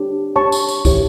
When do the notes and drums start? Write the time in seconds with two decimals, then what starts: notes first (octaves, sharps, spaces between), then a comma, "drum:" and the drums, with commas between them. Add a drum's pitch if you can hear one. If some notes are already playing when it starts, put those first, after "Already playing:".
Already playing: D4 G4 C#5
0.36 D4 G4 C#5 A5 C#6
0.52 drum: tambourine
0.69 drum: tambourine
0.85 E4 G4 C#5, drum: kick C2, tambourine